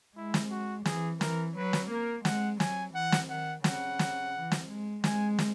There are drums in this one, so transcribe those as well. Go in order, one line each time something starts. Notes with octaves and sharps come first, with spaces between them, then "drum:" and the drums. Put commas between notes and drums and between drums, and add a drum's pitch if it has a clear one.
G#3 E4
drum: snare
F#4
E3 G#4, drum: snare
E3 A#4, drum: snare
F#3 B4
drum: snare
A#3 A#4
G#3 F#5, drum: snare
F#3 G#5, drum: snare
E3 F#5
drum: snare
D#3 F#5
C#3 F#5, drum: snare
drum: snare
E3
drum: snare
G#3
G#3 G#5, drum: snare
drum: snare